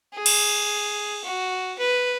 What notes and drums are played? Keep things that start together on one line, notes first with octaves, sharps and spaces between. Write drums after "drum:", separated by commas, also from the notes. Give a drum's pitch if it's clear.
G#4
drum: cymbal
F#4
B4